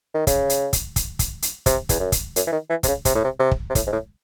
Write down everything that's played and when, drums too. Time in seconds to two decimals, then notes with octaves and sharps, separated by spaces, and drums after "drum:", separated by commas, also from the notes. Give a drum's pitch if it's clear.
0.14 D#3
0.27 C#3, drum: kick, hi-hat
0.50 drum: hi-hat
0.73 drum: kick, hi-hat
0.96 drum: kick, hi-hat
1.19 drum: kick, hi-hat
1.42 drum: hi-hat
1.66 C3, drum: kick, hi-hat
1.89 E2, drum: kick, hi-hat
2.00 F#2
2.12 drum: kick, hi-hat
2.36 F#2, drum: hi-hat
2.47 E3
2.52 D#3
2.70 E3
2.83 C3, drum: kick, hi-hat
2.88 C#3
3.05 C3, drum: kick, hi-hat
3.15 A2
3.24 C3
3.40 C3
3.51 drum: kick
3.70 C3
3.75 A2, drum: kick, hi-hat
3.86 G#2
3.92 A2